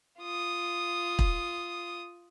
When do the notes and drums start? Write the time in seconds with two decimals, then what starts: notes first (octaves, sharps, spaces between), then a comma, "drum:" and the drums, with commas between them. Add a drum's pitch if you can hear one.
0.21 F4 D#6
1.19 drum: kick